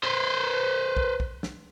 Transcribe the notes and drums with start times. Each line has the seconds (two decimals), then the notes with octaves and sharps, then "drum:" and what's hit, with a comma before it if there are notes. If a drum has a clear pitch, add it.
0.04 B4 C5
0.97 drum: kick
1.20 drum: kick
1.43 drum: snare